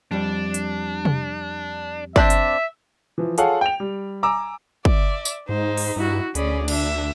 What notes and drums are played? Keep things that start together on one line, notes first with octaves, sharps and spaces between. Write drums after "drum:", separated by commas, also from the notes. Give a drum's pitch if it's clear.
F2 G3 D4
drum: hi-hat
drum: tom C3
C4 D4 D5 E5, drum: kick
drum: hi-hat
E3 F3
F4 G#4 A4 C#5 F5 F#5, drum: hi-hat
G5 F7
G3
G#5 A#5 D6 E6
D5 E5, drum: kick
drum: tambourine
G#2 D#4 C5
drum: open hi-hat
G2 E4 F#4
D2 C#4 G#4 D5 B5, drum: hi-hat
D4 E5, drum: cymbal